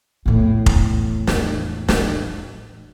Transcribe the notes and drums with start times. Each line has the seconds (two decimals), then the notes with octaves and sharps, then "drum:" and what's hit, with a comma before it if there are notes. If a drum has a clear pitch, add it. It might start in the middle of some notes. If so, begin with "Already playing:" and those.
0.26 E2 A2
0.66 drum: kick F1
1.27 drum: snare
1.89 drum: snare